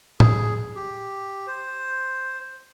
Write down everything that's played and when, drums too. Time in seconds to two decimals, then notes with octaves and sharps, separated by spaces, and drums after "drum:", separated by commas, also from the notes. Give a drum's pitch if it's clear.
0.20 G#4, drum: tom A2
0.75 G4
1.47 C5